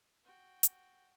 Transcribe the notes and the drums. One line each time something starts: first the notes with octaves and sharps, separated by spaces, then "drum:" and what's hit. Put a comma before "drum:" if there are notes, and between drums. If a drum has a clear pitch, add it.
F#4 G5
drum: hi-hat